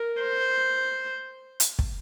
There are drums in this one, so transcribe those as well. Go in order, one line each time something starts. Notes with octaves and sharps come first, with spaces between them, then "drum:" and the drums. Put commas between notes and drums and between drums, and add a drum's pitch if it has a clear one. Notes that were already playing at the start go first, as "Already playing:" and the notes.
Already playing: A#4
C5
drum: hi-hat
drum: kick